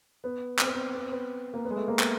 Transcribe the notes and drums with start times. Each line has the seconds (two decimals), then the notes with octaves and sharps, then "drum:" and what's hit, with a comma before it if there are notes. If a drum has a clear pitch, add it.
0.24 B3
0.59 C4, drum: clap
0.66 B3
0.73 C4
0.94 B3
1.03 C4
1.12 B3
1.54 A#3
1.65 B3
1.70 G#3
1.76 A3
1.88 A#3
1.99 B3, drum: clap